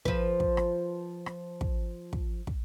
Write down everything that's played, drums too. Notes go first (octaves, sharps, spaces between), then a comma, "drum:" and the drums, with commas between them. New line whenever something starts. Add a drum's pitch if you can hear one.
F3 B4, drum: kick
drum: kick
drum: rim click
drum: rim click
drum: kick
drum: kick
drum: kick